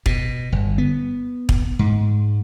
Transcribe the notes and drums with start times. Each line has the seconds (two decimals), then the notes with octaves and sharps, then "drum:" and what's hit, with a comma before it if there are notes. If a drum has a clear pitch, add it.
0.06 B2, drum: kick
0.52 G1
0.78 B3
1.49 drum: kick
1.79 G#2